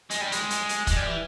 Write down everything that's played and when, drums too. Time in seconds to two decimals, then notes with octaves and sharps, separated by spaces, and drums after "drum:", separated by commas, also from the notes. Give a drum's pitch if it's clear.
0.11 G#3, drum: hi-hat
0.21 G3
0.32 G#3, drum: hi-hat
0.50 drum: hi-hat
0.69 drum: hi-hat
0.87 G#3, drum: kick E1, hi-hat
0.97 G3
1.06 E3